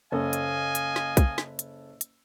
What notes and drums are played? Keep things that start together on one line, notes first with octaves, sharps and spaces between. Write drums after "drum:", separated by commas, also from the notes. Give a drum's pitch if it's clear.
F#1 C#4 A4 D#5 F5 G#5
drum: hi-hat
drum: hi-hat
drum: snare
drum: kick, hi-hat
drum: snare
drum: hi-hat
drum: hi-hat